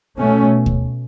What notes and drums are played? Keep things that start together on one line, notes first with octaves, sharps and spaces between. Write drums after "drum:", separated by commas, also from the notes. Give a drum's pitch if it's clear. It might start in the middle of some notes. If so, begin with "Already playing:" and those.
B2 A3 C#4
drum: kick